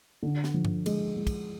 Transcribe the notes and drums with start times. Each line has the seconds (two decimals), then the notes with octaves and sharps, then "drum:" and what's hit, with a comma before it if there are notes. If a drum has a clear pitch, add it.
0.23 D3
0.44 drum: snare
0.54 F3
0.65 drum: tom G2
0.86 G#3, drum: cymbal
1.16 G#3
1.27 drum: kick, cymbal